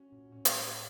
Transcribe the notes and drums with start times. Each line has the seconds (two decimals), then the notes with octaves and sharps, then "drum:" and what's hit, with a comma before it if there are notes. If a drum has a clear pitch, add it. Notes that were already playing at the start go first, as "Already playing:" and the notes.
Already playing: C#4 F#4
0.12 A#2
0.32 A2 C#4
0.45 drum: hi-hat